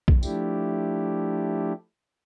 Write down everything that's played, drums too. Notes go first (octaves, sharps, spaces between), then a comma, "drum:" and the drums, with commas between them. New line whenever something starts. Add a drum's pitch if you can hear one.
drum: kick B1
F3 A3 D4 E4 G4, drum: tambourine